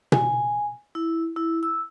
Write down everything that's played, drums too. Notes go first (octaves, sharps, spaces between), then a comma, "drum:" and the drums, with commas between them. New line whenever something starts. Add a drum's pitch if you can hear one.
G#5, drum: tom B2
E4
E4
E6